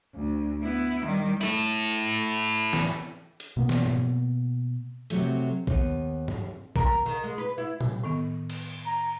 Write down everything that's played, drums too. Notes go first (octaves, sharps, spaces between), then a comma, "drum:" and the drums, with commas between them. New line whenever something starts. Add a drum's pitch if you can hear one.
D2
B3 E4
drum: tambourine
D#3 G3
E4 A4
drum: cymbal
drum: snare
drum: hi-hat
B2 A#3 B3
drum: snare
drum: tom
C3 F#3 A3, drum: hi-hat
D#2 B3, drum: kick
drum: tom
A#4, drum: kick
D#3
G#3
B4
E4
drum: tom
A2 D#3 B3
drum: cymbal
A#5